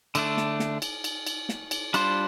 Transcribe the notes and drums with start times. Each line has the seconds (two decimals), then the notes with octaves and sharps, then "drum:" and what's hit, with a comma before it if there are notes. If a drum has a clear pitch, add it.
0.15 D3 A3 D4, drum: cymbal
0.37 drum: snare
0.60 drum: snare
0.82 drum: cymbal
1.04 drum: cymbal
1.27 drum: cymbal
1.49 drum: snare
1.71 drum: cymbal
1.94 G3 D4 F4 C5, drum: cymbal